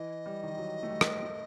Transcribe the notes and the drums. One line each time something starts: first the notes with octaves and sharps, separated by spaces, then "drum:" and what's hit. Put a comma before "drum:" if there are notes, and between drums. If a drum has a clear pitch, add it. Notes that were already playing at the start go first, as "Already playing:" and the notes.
Already playing: E3 D#5
G3
D#3
E3
F#3
A3
G3
drum: rim click
A3